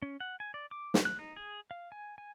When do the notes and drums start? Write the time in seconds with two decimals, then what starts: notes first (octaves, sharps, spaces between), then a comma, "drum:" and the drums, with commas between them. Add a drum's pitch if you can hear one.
0.02 C#4
0.20 F#5
0.40 G#5
0.54 D5
0.71 D6
0.94 drum: snare
1.05 F#6
1.19 D#4
1.36 G#4
1.71 F5
1.92 G#5
2.18 G#5